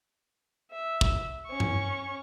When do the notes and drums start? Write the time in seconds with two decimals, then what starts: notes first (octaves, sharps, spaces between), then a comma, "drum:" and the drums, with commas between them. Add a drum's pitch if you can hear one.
0.72 E5
1.01 drum: kick
1.47 C#4 C#6
1.60 drum: tom G2